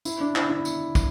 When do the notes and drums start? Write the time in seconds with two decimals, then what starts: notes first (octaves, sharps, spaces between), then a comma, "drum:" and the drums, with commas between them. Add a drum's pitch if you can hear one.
0.05 E4, drum: tambourine
0.20 D4
0.35 E4, drum: clap
0.50 E4
0.65 drum: tambourine
0.95 drum: kick, tambourine